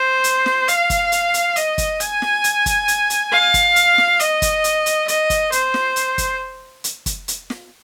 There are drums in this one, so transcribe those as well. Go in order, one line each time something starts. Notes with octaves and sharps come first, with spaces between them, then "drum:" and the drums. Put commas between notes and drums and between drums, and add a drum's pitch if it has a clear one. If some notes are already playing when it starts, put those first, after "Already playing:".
Already playing: C5
drum: hi-hat
drum: snare
F5, drum: hi-hat
drum: kick, hi-hat
drum: hi-hat
drum: hi-hat
D#5, drum: hi-hat
drum: kick, hi-hat
G#5, drum: hi-hat
drum: snare
drum: hi-hat
drum: kick, hi-hat
drum: hi-hat
drum: hi-hat
F5
drum: kick, hi-hat
drum: hi-hat
drum: snare
D#5, drum: hi-hat
drum: kick, hi-hat
drum: hi-hat
drum: hi-hat
D#5, drum: hi-hat
drum: kick, hi-hat
C5, drum: hi-hat
drum: snare
drum: hi-hat
drum: kick, hi-hat
drum: hi-hat
drum: kick, hi-hat
drum: hi-hat
drum: snare